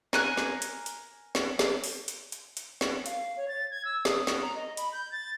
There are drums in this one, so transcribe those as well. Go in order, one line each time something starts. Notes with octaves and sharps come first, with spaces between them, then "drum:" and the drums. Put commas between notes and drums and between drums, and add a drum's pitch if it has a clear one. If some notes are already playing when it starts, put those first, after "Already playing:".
A#4 G#5 F#6, drum: snare
drum: snare
drum: hi-hat
drum: hi-hat
drum: snare
drum: snare
drum: open hi-hat
drum: hi-hat
drum: hi-hat
drum: hi-hat
drum: snare
F5, drum: hi-hat
C#5
A6
G#6
E6
D#6, drum: snare
drum: snare
A#5
D#5
B5, drum: hi-hat
G6
A6